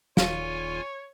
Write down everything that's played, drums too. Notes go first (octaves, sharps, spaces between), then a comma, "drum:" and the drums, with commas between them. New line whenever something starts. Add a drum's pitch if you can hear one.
D#1 F4 C#5 F5 G#5, drum: snare